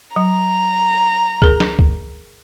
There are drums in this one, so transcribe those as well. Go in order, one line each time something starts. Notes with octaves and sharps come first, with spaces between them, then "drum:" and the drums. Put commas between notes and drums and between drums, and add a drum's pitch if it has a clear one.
F#3 A#5
G#4 A#4, drum: kick
drum: snare
drum: kick